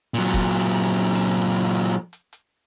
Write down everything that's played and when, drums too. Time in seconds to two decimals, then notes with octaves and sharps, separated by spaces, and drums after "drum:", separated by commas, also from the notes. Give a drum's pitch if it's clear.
0.14 A#2 F#3, drum: hi-hat
0.34 drum: kick, hi-hat
0.54 drum: hi-hat
0.74 drum: hi-hat
0.94 drum: hi-hat
1.13 drum: open hi-hat
1.53 drum: hi-hat
1.73 drum: hi-hat
1.93 drum: hi-hat
2.13 drum: hi-hat
2.33 drum: hi-hat